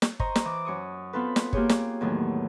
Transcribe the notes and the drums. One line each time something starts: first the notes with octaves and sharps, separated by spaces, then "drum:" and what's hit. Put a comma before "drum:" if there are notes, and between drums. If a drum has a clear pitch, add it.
drum: snare
C5 D#5 A#5 C#6, drum: kick
drum: snare
E3 D6
F#2 C#6 D#6
B3 C4 F4 A4 B4
drum: snare
A#3 F4 G4 G#4 C#5, drum: kick
drum: snare
E2 A2 D#3 F#3